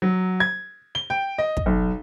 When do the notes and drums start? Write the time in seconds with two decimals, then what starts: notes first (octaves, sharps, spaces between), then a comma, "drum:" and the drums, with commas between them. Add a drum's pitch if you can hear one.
0.02 F#3
0.40 G#6
0.95 G7
1.10 G5
1.38 D#5
1.57 drum: kick
1.66 B1